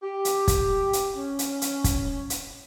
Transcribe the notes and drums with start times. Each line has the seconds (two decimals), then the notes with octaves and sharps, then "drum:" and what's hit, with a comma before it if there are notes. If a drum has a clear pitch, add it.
0.03 G4
0.25 drum: hi-hat
0.48 drum: kick, hi-hat
0.93 drum: hi-hat
1.16 C#4
1.39 drum: hi-hat
1.62 drum: hi-hat
1.84 drum: kick, hi-hat
2.30 drum: hi-hat